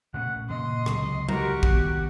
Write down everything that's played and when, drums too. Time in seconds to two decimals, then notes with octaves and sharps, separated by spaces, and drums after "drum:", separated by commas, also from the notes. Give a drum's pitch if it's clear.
0.14 A#2 A3 C#4 F#5
0.49 A#2 C#3 D#5 C6
0.86 C#2 C3 F#3, drum: rim click
1.29 F#4 G4 A#4, drum: tom G3
1.63 C2 D#3 B3 F#5, drum: kick